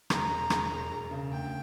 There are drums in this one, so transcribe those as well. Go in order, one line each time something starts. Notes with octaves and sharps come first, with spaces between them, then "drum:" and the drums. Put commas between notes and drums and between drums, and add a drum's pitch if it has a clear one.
E1 A#5, drum: rim click
E1
E1, drum: rim click
E1
E1
C#3
D2 G5